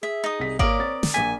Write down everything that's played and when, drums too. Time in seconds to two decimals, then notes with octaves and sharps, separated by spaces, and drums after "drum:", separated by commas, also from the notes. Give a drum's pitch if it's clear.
0.03 G#4 E5
0.24 D#4 D#6
0.39 C2 B6
0.59 A#3 A#4 C#5 D5 F5 D#6, drum: kick G#1
0.79 C4 A6
1.03 drum: snare
1.14 A#1 A#3 G#5 B6